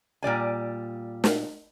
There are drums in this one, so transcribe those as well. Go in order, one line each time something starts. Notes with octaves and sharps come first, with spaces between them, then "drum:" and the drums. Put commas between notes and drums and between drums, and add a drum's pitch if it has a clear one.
A#2 G3 D5 G#5
drum: snare